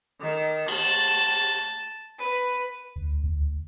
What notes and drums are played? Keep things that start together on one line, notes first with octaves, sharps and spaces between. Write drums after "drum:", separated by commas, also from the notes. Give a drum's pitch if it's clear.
D#3
A5, drum: cymbal
B4
D2
D2